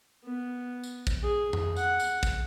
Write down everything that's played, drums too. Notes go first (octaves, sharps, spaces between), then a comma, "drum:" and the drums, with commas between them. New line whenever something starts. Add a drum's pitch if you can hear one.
B3
drum: tambourine
drum: kick, tambourine
G#4
drum: tom F2
F#5, drum: tambourine
drum: tambourine
drum: kick, tambourine